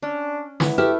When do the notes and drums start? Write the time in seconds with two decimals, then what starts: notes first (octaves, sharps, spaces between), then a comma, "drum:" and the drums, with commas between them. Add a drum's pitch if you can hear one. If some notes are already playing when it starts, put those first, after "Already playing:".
0.03 C#4 D4
0.60 B3 E4, drum: snare
0.78 A3 E4 G4 B4